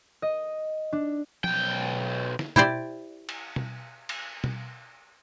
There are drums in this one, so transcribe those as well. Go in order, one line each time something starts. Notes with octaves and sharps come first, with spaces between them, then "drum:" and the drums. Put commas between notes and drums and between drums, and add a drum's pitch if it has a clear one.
D#5
D4
B1 G5, drum: tom F3
drum: snare
E4 G4 C5 D5, drum: tom B2
drum: cymbal
drum: tom B2
drum: cymbal
drum: tom B2